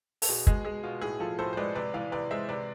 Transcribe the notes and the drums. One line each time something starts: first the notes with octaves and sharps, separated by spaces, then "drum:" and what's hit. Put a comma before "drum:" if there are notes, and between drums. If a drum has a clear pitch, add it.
A4, drum: open hi-hat
B2 G#4
G#3 G#4, drum: kick
G#3 G#4
B2 F4
A2 G#4
F3 F4 A4
A2 A4 C5
C5
G#3 B4 D5
C3 B4 D5
E3 D5 F5
C3 B4 D5
G#3 C5 E5
C3 B4 D5